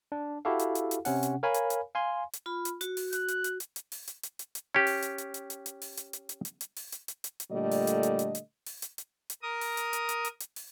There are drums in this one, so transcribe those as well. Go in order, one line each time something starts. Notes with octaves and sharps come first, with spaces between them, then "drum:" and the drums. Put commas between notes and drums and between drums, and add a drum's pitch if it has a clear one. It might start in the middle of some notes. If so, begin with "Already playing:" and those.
D4
E4 F#4 G4 A4 F5
drum: hi-hat
drum: hi-hat
drum: hi-hat
C3 C#4 F#5, drum: open hi-hat
drum: hi-hat
A#4 C#5 F5 G#5 B5
drum: hi-hat
drum: hi-hat
F5 G#5 C6
drum: hi-hat
F4 B5
drum: hi-hat
F#4, drum: hi-hat
drum: open hi-hat
F#6, drum: hi-hat
drum: hi-hat
drum: hi-hat
drum: hi-hat
drum: hi-hat
drum: open hi-hat
drum: hi-hat
drum: hi-hat
drum: hi-hat
drum: hi-hat
C#4 G4
drum: open hi-hat
drum: hi-hat
drum: hi-hat
drum: hi-hat
drum: hi-hat
drum: hi-hat
drum: open hi-hat
drum: hi-hat
drum: hi-hat
drum: hi-hat
drum: hi-hat
drum: hi-hat
drum: open hi-hat
drum: hi-hat
drum: hi-hat
drum: hi-hat
drum: hi-hat
A#2 D3 G3 A3 D#5
drum: open hi-hat
drum: hi-hat
drum: hi-hat
drum: hi-hat
drum: hi-hat
drum: open hi-hat
drum: hi-hat
drum: hi-hat
drum: hi-hat
A#4 D#6
drum: open hi-hat
drum: hi-hat
drum: hi-hat
drum: hi-hat
drum: hi-hat
drum: hi-hat
drum: open hi-hat